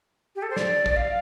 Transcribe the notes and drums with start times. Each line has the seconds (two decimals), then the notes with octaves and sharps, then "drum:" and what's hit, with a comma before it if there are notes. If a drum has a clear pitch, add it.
0.36 G4
0.42 A4
0.50 C5
0.56 D5, drum: snare
0.86 D5, drum: kick
0.96 F5